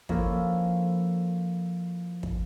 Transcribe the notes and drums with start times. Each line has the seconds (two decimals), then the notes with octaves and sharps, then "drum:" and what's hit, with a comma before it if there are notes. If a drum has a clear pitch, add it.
0.09 F3 A#3 C#4 E4 A4, drum: kick
2.23 drum: kick